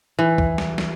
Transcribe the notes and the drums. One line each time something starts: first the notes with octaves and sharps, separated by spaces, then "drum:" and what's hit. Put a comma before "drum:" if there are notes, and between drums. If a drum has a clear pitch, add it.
E3
drum: kick
drum: snare
drum: snare